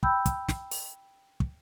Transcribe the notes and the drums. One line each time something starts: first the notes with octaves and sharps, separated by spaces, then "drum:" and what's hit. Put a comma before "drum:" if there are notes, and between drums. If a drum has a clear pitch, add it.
G5 B5 E6 G6, drum: kick
drum: kick, hi-hat
drum: snare
drum: open hi-hat
drum: kick